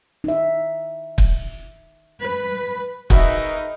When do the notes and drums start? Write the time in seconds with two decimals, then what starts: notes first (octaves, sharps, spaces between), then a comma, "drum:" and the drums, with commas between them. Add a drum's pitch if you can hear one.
0.24 D#4 E5
1.18 drum: kick
2.21 B4
3.10 D#4 F#4 G#4 A#4 B4 E5, drum: kick